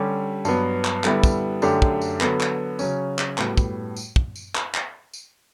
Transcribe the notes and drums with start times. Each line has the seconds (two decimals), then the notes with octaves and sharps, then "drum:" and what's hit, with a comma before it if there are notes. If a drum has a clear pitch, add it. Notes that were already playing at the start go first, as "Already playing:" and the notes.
Already playing: D3 G3 C#4 G4
0.45 G2 F#3 B3, drum: tambourine
0.84 drum: clap
1.04 D3 G3 B3 E4, drum: clap
1.23 drum: kick, tambourine
1.62 F#2 D3 A3 D4 G4, drum: tambourine
1.82 drum: kick
2.01 drum: tambourine
2.21 D3 F#3 B3, drum: clap
2.40 drum: clap
2.79 C#3 F#3 C#4, drum: tambourine
3.19 drum: clap
3.38 A2 G3 B3 F#4, drum: clap
3.58 drum: kick, tambourine
3.97 drum: tambourine
4.16 drum: kick
4.36 drum: tambourine
4.55 drum: clap
4.75 drum: clap
5.14 drum: tambourine